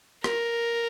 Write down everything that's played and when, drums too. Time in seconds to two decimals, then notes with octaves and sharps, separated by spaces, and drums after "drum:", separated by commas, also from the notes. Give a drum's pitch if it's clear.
0.24 A#4, drum: rim click